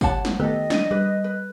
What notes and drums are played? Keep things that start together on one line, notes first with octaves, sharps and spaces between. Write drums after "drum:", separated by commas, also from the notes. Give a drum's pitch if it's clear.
G4 C#5 F#5 A5, drum: kick F#1, tambourine
drum: snare
D#3 A3 B3 G4 A4 D#5
D4 D#7, drum: snare
G3 B4
B4